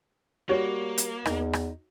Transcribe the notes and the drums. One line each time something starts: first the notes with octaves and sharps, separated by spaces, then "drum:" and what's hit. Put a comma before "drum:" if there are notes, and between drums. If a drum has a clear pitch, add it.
G3 A#3 F#4 C#5
drum: hi-hat
E2 D#4, drum: rim click
drum: rim click